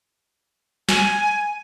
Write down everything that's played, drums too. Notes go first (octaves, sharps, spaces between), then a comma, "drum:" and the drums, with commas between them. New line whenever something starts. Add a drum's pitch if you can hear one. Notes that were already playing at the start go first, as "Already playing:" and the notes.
G#5, drum: snare